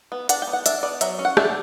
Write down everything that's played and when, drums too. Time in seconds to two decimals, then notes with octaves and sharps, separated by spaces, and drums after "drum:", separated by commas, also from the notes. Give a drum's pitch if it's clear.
0.12 B3
0.29 D4 F#5, drum: hi-hat
0.42 G5
0.47 B3
0.53 F#5
0.66 D4 E5, drum: hi-hat
0.83 B3 D5
1.01 F#3 E5, drum: hi-hat
1.19 C#4
1.25 F#5
1.37 D4 E5, drum: rim click